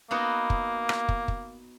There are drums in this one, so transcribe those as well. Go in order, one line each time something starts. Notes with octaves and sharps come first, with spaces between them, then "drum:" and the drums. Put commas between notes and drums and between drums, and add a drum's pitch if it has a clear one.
A#3 B3 D#4 F#4
drum: kick
drum: rim click
drum: kick
drum: kick